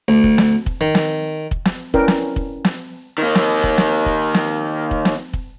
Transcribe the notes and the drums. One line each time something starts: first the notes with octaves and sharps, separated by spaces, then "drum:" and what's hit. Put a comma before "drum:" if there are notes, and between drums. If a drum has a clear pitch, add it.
D2
drum: kick
drum: snare
drum: kick
D#3
drum: snare
drum: kick
drum: snare
C#4 E4 A#4 B4 D5 G5, drum: kick
drum: snare
drum: kick
drum: snare
D#3 A#3
drum: snare
drum: kick
drum: snare
drum: kick
drum: snare
drum: kick
drum: snare
drum: kick